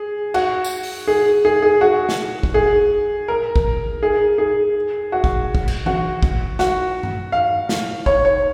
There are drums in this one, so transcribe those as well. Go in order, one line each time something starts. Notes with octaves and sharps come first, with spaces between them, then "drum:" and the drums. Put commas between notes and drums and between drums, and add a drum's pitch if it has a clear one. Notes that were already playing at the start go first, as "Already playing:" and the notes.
Already playing: G#4
F#4, drum: cymbal
drum: tambourine
drum: open hi-hat
G#4
G#4
G#4
F#4
drum: snare
drum: kick
G#4
A#4
drum: kick
G#4
G#4
F#4
drum: kick
drum: kick
drum: cymbal
F#4, drum: tom E3
drum: kick
F#4, drum: snare
drum: tom G2
F5
drum: snare
C#5, drum: kick
C#5